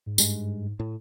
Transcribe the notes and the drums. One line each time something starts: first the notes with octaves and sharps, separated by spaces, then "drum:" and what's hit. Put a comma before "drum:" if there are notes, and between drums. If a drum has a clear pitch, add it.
G#2
G2 G#3, drum: tambourine
A2